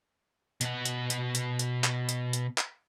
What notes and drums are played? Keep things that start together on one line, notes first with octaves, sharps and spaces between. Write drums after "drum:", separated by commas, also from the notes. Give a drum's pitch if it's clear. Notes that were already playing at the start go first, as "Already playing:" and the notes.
B2 F#5, drum: hi-hat
drum: hi-hat
drum: hi-hat
drum: hi-hat
drum: hi-hat
drum: clap
drum: hi-hat
drum: hi-hat
drum: clap